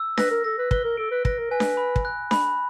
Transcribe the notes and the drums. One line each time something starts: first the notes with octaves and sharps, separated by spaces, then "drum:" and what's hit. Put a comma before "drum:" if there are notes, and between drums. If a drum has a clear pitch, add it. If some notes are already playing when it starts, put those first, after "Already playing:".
Already playing: E6
B4 A#6, drum: snare D4
A#4
A4 A#6
B4
B4 G7, drum: kick
A#4
A4 D7
B4
B4 A#6, drum: kick
A#4
B4 G#5
drum: snare D4
B5
drum: kick
F#6
B5, drum: snare D4